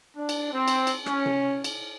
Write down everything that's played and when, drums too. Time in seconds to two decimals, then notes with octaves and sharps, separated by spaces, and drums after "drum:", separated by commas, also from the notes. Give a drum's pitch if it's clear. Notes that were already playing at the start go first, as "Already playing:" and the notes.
0.17 D4
0.29 drum: cymbal
0.53 C4
0.68 drum: cymbal
0.87 drum: cymbal
1.06 C#4, drum: rim click
1.26 drum: tom C3
1.64 drum: cymbal